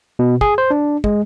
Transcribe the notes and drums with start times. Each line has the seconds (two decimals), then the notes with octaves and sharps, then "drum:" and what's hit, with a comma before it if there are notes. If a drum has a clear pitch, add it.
0.19 B2
0.41 G#4, drum: kick
0.58 C5
0.71 D4
1.04 G#3, drum: kick